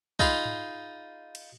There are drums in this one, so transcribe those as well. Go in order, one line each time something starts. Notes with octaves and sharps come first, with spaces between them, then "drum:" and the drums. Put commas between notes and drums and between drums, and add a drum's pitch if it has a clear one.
D#4 F4 G#4 B5 C6, drum: kick
drum: tom G#2
drum: cymbal